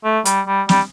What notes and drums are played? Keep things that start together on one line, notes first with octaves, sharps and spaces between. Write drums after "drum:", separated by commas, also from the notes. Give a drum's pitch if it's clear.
A3
G3, drum: hi-hat
G3
G3, drum: snare